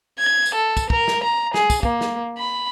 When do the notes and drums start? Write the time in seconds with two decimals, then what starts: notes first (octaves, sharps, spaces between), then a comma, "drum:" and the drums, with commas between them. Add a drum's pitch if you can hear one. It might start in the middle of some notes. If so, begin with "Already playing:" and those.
0.19 G#6
0.46 drum: tambourine
0.55 A4
0.77 drum: kick, tambourine
0.90 A#4, drum: kick
1.08 drum: snare
1.24 A#5
1.54 G#4, drum: snare
1.70 drum: kick, tambourine
1.83 A#3, drum: kick
2.01 drum: snare
2.38 B5